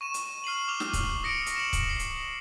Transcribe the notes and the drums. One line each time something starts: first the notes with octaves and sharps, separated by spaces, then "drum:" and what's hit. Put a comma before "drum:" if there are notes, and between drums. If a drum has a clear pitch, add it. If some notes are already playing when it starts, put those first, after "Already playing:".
C#6 D#7 E7
drum: hi-hat
F6 C7 D#7 F#7
D6 F6 F7 G7
drum: snare
drum: kick, hi-hat
D#6 A#6 C#7 D7
drum: hi-hat
E7 F#7
drum: kick, hi-hat
C7 G7
drum: hi-hat